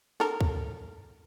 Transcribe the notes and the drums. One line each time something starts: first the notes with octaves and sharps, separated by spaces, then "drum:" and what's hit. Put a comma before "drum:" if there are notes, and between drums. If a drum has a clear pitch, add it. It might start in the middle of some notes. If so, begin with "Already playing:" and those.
A4 A#4, drum: snare
drum: kick